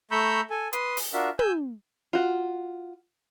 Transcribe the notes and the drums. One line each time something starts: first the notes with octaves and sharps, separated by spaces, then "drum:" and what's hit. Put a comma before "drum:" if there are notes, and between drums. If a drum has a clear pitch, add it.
A3 A#5 B5 C#6 E6 G6
A4 G#5
B4 C6 D#6, drum: hi-hat
drum: open hi-hat
D4 F4 F#4 A#4 E5
G#5 E6 G6, drum: tom
F4 F#4